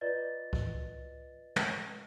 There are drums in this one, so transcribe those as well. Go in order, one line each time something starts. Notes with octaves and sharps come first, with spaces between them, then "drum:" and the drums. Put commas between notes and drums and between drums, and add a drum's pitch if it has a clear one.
F4 B4 D5 D#5 A6
drum: kick C#2
drum: tom